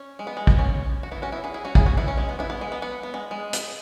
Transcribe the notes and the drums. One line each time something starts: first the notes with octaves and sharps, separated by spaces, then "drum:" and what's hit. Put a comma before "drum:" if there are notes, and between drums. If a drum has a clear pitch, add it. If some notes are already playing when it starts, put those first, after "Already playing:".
Already playing: C#4
G#3
B3
G#3
B3, drum: kick
C#4
F#4
B3 E4
C#4 F#4
B3 E4
E4 G#4
E4 G#4
C#4 F#4
E4 G#4, drum: kick
C#4 F#4
B3 E4
C#4
G#3
B3
B3 E4
B3
G#3
B3
B3
B3
G#3
G#3
drum: hi-hat